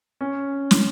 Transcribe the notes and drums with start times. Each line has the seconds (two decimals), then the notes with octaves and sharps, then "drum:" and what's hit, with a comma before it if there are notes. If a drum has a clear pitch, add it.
0.21 C#4
0.71 drum: snare